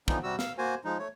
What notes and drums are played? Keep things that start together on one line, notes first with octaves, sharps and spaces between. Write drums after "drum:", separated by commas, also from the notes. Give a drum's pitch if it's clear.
D3 E3 F3 B3 D#4, drum: kick
C3 G3 F#4 E6
F5 E6, drum: snare
A#3 F#4 C5 G#5
F3 G#3 D#4
A3 C#5